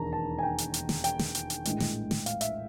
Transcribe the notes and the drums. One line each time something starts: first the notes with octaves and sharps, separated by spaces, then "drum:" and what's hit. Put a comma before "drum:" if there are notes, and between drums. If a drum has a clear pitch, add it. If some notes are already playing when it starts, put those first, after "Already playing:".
Already playing: E1 D#2 D#3 A5 A#5
A5
G#5
G5
drum: hi-hat
drum: hi-hat
drum: snare
G5, drum: hi-hat
drum: snare
drum: hi-hat
drum: hi-hat
A#1 A2 E3 G#3, drum: hi-hat
drum: snare
drum: snare
F5, drum: hi-hat
E5, drum: hi-hat